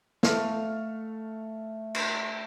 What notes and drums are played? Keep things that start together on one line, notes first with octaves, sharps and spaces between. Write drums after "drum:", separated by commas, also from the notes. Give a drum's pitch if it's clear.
A3 F5, drum: snare
drum: cymbal